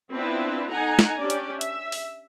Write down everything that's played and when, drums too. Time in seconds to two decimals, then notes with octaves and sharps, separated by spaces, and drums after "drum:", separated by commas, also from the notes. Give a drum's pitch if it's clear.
0.13 B3 C4 D4 E4 F4 B4
0.72 D#4 A4 F#5 G#5 A#5
0.99 drum: snare
1.21 C#4 D4 G4 D5
1.30 drum: hi-hat
1.61 E5, drum: hi-hat
1.92 drum: open hi-hat